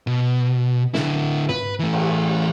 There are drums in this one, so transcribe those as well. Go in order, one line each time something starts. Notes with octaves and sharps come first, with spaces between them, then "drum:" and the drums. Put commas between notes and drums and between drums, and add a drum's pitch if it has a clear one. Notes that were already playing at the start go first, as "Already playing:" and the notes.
B2
D3 E4, drum: snare
B4, drum: tom
E3 A3
drum: cymbal